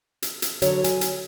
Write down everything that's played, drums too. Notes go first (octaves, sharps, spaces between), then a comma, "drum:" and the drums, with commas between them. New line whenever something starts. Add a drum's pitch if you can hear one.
drum: hi-hat
drum: hi-hat
D3 F#3 C#5, drum: hi-hat
G#5, drum: hi-hat
drum: hi-hat